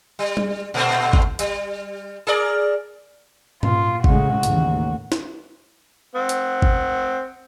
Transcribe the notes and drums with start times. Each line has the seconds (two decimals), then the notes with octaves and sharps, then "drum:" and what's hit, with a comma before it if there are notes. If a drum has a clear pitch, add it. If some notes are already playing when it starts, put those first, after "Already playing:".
0.19 G3
0.37 drum: tom G3
0.74 A#2 A3 C4
1.13 drum: kick G#1
1.39 G3, drum: hi-hat
2.27 G#4 A#4 D5
3.63 A#2 F4, drum: tom G#2
4.04 A2 C#3 G#3 F#4, drum: kick G#1
4.43 A1 D#2, drum: hi-hat
5.12 drum: snare
6.15 C4 F#5
6.29 drum: hi-hat
6.62 drum: kick G#1